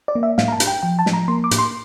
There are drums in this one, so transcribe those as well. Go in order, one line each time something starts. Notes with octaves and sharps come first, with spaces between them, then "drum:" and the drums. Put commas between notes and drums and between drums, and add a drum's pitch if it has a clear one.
D5
A#3
E5
A2 F5, drum: snare
A#5
A5
A2, drum: hi-hat
G5
F3 G5
A5
F3, drum: snare
A#5
A#3 C6
D6
A2, drum: hi-hat
C6